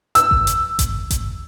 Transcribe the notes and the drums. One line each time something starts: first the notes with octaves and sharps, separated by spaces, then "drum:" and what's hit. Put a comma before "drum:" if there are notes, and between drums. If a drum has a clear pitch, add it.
E6, drum: hi-hat
drum: kick G#1
drum: hi-hat
drum: kick G#1, hi-hat
drum: kick G#1, hi-hat